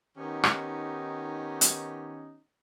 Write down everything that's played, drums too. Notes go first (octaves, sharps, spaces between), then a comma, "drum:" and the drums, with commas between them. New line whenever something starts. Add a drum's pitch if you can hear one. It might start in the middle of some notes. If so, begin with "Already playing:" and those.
D#3 B3 C#4 D#4 G4
drum: rim click
drum: hi-hat